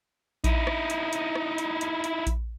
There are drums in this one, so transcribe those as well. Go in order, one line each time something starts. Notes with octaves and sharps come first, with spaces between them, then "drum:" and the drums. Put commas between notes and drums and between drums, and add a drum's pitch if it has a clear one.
D#4 E4, drum: kick A#1, hi-hat
drum: rim click
drum: hi-hat
drum: hi-hat
drum: rim click
drum: hi-hat
drum: hi-hat
drum: hi-hat
drum: kick A#1, hi-hat